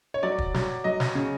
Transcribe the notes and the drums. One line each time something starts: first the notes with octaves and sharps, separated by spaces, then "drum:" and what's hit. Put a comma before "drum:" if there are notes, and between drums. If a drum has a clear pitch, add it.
C#5
F#3 D5
drum: kick
F#3, drum: snare
F#3 D#5
drum: snare
C#3